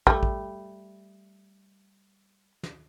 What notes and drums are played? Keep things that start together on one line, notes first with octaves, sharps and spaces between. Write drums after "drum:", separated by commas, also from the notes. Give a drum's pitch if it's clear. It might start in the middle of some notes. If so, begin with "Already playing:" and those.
G3 A3, drum: kick
drum: kick
drum: snare